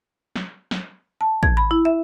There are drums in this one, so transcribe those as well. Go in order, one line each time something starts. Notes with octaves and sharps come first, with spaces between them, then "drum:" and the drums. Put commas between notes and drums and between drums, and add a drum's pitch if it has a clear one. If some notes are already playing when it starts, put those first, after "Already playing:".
drum: snare
drum: snare
A5
G#6, drum: kick
B5
E4
E5